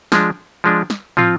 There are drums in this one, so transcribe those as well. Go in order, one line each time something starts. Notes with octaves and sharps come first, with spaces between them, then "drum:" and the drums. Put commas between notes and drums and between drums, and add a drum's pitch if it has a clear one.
F3 G#3 D4, drum: snare
F3 G#3 D4
drum: snare
F3 C4 F4, drum: tom